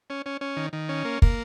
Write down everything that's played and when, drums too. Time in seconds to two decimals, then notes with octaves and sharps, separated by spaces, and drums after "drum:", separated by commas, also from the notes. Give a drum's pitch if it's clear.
0.10 C#4
0.26 C#4
0.41 C#4
0.57 D#3
0.73 D#3
0.89 C#4
1.05 A#3
1.22 A#3, drum: kick